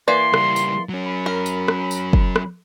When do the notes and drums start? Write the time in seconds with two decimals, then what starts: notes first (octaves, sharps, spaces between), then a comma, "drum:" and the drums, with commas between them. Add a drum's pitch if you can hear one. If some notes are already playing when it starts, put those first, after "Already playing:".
0.08 E3 A#3 D5 C6
0.34 C#3 G3, drum: rim click
0.56 drum: tambourine
0.89 F#3 C#4
1.05 B5
1.26 A#4
1.46 drum: tambourine
1.68 drum: rim click
1.91 drum: tambourine
2.13 drum: kick
2.36 drum: rim click